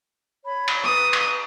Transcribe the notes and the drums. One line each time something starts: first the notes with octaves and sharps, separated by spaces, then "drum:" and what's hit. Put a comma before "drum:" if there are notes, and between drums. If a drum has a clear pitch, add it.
C#5 B5
drum: cymbal
B4 D#6
drum: cymbal